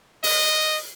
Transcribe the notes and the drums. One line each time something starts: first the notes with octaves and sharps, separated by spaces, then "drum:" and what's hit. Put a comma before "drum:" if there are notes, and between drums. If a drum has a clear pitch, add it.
D#5, drum: open hi-hat